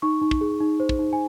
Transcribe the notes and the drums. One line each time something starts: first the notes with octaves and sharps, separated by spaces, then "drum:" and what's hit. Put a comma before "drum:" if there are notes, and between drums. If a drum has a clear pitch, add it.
D#4 C#6
D#4
drum: kick
G#4
D#4
C5
drum: kick
D#4
G#5